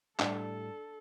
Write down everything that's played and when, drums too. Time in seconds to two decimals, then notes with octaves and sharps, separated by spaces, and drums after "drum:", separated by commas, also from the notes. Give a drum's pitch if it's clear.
0.20 A2 G3 D4 A4, drum: clap